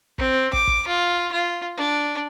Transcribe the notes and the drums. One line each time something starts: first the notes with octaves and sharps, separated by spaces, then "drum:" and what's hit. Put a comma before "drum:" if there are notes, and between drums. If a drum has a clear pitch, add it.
C4, drum: kick
D6, drum: kick
drum: kick
F4
F4
D4